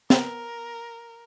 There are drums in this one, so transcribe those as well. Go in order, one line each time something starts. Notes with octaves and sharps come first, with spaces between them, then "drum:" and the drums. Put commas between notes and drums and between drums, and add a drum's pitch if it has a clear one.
B3 A#4, drum: snare